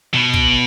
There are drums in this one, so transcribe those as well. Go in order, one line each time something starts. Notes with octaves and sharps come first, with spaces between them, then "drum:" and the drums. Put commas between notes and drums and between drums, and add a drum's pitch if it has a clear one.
B2
drum: kick